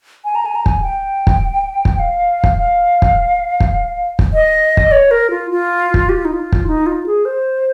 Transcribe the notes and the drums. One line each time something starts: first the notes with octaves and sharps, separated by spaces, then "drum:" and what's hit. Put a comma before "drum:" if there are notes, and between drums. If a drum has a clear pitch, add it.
G#5
A#5
G#5
A#5
G#5, drum: kick
G5
drum: kick
drum: kick
F5
drum: kick
F5
drum: kick
drum: kick
drum: kick
D#5
drum: kick
C#5
A#4
F4
F4
drum: kick
G4
F4
D#4
F4
drum: kick
D#4
F4
G#4
C5